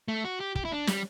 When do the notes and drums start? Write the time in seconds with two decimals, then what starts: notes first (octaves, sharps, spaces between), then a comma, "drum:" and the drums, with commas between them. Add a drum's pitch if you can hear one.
0.08 A3
0.24 F#4
0.40 G4
0.56 G4, drum: kick
0.65 E4
0.72 D4
0.87 G3, drum: snare